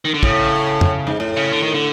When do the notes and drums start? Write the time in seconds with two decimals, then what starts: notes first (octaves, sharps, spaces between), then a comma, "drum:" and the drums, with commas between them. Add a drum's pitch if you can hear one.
0.05 D#3
0.14 D3
0.23 A2 C#3, drum: kick
0.81 drum: tom
1.07 G#2
1.20 A2
1.37 C#3
1.52 D3
1.63 D#3
1.75 D3